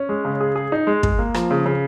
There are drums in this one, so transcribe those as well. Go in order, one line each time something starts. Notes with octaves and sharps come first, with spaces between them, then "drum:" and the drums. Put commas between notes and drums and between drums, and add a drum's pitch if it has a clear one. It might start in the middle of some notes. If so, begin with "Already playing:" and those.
Already playing: C#4
G#3
C#3
G#4
G#4
D#4
G#3
G#3, drum: kick
A#3
F3, drum: rim click
C#3
C#3